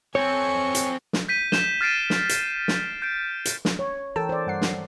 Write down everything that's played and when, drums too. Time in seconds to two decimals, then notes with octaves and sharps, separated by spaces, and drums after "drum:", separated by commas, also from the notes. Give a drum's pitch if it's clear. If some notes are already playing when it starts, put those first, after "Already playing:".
0.15 C4 A4 C#5 G#5 C#6
0.75 drum: hi-hat
1.13 drum: snare
1.28 G6 B6 D#7
1.52 G6 E7 G7, drum: snare
1.81 F6 A6 C7 D7 D#7
2.10 drum: snare
2.29 drum: hi-hat
2.68 drum: snare
3.02 G6 D7
3.45 drum: hi-hat
3.65 drum: snare
3.79 C#5
4.16 E3 A4 A#4 G5 A5 E6
4.29 C5 D5
4.47 G2 F#5 C7
4.62 drum: snare